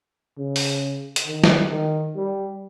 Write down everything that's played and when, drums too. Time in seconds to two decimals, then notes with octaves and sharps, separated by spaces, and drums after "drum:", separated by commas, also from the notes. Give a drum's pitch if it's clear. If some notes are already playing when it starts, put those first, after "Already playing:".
0.37 C#3
0.56 drum: open hi-hat
1.16 drum: hi-hat
1.27 D#3
1.44 drum: snare
1.71 D#3
2.16 G3